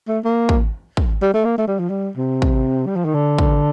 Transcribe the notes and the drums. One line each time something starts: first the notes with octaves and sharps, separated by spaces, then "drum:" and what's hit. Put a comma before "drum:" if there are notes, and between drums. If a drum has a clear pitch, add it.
A3
A#3
drum: kick
drum: kick
G3
A3
A#3
A3
G3
F3
G3
C3
drum: kick
G3
F3
D#3
D3
drum: kick